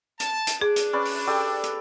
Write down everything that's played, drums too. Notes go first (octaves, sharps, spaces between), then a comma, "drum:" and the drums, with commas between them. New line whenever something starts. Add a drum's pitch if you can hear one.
A5, drum: hi-hat
drum: hi-hat
D4 G#4 D6
drum: hi-hat
C#4 B4 D5
drum: open hi-hat
G4 A4 D5
drum: hi-hat